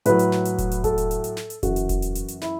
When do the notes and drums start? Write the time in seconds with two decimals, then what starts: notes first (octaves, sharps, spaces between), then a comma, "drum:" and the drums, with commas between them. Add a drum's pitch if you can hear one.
0.06 A2 F#3 B4, drum: hi-hat
0.19 drum: hi-hat
0.32 drum: snare
0.45 drum: hi-hat
0.58 drum: kick E1, hi-hat
0.71 drum: hi-hat
0.84 A4, drum: kick E1, hi-hat
0.98 drum: hi-hat
1.11 drum: hi-hat
1.24 drum: hi-hat
1.37 drum: snare
1.50 drum: hi-hat
1.63 F#2 E3 F#4, drum: kick E1, hi-hat
1.76 drum: hi-hat
1.89 drum: kick E1, hi-hat
2.02 drum: hi-hat
2.15 drum: hi-hat
2.28 drum: hi-hat
2.42 E4, drum: snare